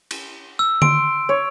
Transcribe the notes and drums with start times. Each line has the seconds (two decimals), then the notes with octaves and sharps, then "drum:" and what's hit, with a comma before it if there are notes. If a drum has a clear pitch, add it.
0.11 drum: cymbal
0.59 E6
0.82 C6 D7, drum: tom D3
1.29 C#5